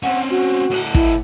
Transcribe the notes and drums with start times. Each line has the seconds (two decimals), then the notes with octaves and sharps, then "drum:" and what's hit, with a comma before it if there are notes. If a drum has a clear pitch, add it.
0.03 C4 C#4 F#5
0.30 F#4
0.70 A2 F#5
0.94 E4, drum: kick